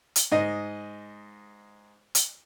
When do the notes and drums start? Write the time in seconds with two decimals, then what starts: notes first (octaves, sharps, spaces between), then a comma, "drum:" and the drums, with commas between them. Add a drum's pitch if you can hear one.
0.16 drum: hi-hat
0.32 G#2 D#5
2.15 drum: hi-hat